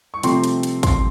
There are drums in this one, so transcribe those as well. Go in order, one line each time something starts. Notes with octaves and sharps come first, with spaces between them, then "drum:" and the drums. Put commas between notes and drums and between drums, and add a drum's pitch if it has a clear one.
C#6
C3 F3 A3 C4 C6, drum: hi-hat
drum: hi-hat
drum: hi-hat
C6, drum: kick, hi-hat